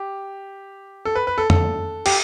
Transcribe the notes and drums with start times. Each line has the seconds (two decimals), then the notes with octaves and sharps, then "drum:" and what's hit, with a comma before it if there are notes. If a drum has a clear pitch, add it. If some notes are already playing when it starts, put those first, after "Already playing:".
Already playing: G4
1.05 A4
1.15 B4
1.27 B4
1.38 A4
1.50 A4, drum: tom F2
2.06 G4, drum: cymbal